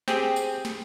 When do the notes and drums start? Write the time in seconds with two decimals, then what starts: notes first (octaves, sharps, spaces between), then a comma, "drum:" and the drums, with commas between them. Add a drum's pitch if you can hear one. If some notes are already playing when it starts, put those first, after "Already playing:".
0.08 C4 G4 G#4, drum: snare
0.36 drum: tambourine
0.65 drum: snare